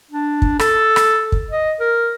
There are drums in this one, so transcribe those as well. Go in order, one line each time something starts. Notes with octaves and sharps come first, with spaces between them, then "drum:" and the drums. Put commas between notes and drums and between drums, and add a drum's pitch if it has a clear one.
D4
drum: kick
A4, drum: rim click
drum: rim click
drum: kick
D#5
A#4